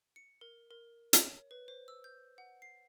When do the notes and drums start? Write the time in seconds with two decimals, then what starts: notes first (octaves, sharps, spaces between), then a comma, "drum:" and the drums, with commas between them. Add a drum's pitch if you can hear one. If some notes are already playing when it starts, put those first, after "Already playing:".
0.16 C#7
0.41 A#4
0.71 A#4
1.13 C#5, drum: hi-hat
1.51 B4
1.68 C5
1.88 E6
2.04 G6
2.38 F#5
2.62 C7